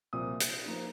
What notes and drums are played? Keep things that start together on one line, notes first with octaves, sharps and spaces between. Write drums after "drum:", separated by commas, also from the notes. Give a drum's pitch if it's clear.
C2 A#2 F3 D#6
drum: hi-hat
F3 A#3 D#4